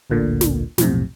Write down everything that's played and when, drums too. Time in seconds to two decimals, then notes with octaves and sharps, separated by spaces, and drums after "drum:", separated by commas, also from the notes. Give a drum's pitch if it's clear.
0.10 A1 D2 A#2 D3
0.41 drum: snare
0.78 B1 F2 A2 C3, drum: snare